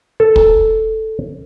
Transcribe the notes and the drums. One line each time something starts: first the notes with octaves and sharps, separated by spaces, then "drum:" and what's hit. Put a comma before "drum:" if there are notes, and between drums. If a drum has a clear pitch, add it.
A4
drum: kick